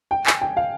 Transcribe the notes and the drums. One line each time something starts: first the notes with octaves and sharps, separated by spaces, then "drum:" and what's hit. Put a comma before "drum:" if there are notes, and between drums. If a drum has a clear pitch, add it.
G5
G#5, drum: clap
G5
F5